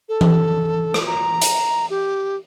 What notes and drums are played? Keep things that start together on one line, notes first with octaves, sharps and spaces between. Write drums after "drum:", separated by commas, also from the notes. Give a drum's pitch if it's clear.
A4
drum: tom E3
drum: rim click
A#5
drum: hi-hat
G4